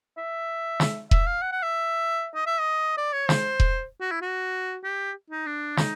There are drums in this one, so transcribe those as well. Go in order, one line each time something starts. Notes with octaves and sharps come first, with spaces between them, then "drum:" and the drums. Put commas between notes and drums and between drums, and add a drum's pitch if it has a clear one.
E5
drum: snare
E5, drum: kick E1
F5
F#5
F#5
E5
D#5
E5
D#5
D5
C#5
C5, drum: snare
drum: kick E1
F#4
E4
F#4
G4
D#4
D4
D#4, drum: snare